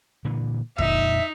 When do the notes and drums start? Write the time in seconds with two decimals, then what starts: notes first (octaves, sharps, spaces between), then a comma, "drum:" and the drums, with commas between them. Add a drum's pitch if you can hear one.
0.25 A#2 D3 E3
0.78 F2 A#2 D3 D#4 E5, drum: kick